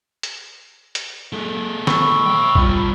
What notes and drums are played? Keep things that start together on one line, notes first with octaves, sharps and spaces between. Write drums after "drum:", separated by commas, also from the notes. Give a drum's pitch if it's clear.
drum: hi-hat
drum: hi-hat
G#3 A4
B5 C#6 E6, drum: snare
E5 G5
G3 F4, drum: kick A#1